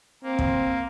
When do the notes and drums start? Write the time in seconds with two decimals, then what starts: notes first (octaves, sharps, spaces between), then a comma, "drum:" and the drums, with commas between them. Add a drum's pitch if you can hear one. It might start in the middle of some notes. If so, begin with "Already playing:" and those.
0.23 A#3 C4
0.39 drum: kick